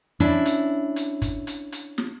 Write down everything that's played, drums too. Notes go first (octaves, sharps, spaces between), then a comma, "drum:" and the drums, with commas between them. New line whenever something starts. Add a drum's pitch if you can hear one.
C#4 D4 E4
drum: hi-hat
drum: hi-hat
drum: kick, hi-hat
drum: hi-hat
drum: hi-hat
drum: snare